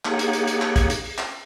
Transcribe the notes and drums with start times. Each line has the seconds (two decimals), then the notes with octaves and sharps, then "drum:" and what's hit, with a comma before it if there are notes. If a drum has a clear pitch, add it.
0.05 A#3 D#4 G4 G#4 C#5 F#5, drum: clap
0.19 drum: hi-hat
0.33 drum: hi-hat
0.47 drum: hi-hat
0.62 drum: clap
0.76 drum: kick, hi-hat
0.90 drum: hi-hat
1.04 drum: open hi-hat
1.18 drum: clap